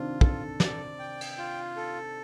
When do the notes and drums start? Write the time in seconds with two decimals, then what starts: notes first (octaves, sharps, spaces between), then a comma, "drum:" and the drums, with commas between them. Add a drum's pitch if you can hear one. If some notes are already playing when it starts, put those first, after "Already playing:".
Already playing: C3 D#3 C4 D4 F4
0.21 A4, drum: kick
0.60 D5, drum: snare
0.99 G5
1.21 drum: cymbal
1.38 F4
1.76 A4